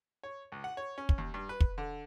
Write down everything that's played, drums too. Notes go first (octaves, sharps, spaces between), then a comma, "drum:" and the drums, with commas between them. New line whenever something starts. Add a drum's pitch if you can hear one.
C#5
C#2
F#5
C#5
C#4
drum: kick
D#2
G2
B4
drum: kick
D3